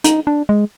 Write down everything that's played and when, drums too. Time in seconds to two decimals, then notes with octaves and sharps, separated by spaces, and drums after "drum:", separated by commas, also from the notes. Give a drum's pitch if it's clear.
0.04 D#4, drum: hi-hat
0.27 D4
0.49 G#3